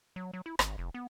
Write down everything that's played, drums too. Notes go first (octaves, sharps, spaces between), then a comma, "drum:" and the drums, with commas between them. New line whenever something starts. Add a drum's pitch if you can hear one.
F#3
F#3
E4
G#1, drum: rim click
F1
B3